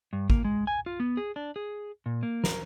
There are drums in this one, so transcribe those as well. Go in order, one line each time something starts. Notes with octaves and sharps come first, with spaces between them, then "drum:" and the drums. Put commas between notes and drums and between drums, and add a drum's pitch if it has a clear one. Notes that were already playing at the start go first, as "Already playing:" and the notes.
G2
A#3, drum: kick
G#3
G#5
F4
B3
G#4
D4
G#4
A#2
A#3
A#4, drum: snare